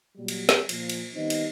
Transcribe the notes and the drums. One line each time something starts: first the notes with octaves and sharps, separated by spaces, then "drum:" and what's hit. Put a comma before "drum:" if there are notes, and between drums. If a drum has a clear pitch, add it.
A#2 F#3 G3
drum: cymbal
drum: snare
A#2 F3, drum: cymbal
drum: cymbal
D#3 G3 B3 C4 D#4
drum: cymbal